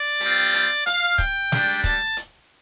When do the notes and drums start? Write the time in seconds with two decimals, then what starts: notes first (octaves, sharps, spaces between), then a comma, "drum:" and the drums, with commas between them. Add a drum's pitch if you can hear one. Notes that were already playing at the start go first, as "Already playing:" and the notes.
Already playing: D5
0.21 G3 C4 F4, drum: hi-hat
0.54 drum: hi-hat
0.86 F5, drum: hi-hat
1.18 G5, drum: kick, hi-hat
1.52 G3 D4 G4, drum: snare
1.84 A5, drum: kick, hi-hat
2.17 drum: hi-hat